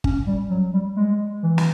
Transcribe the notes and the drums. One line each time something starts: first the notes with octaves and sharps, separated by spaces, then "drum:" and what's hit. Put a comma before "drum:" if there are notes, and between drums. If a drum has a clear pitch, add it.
C#4, drum: kick G1
G3
F#3
G3
G#3
E3
drum: snare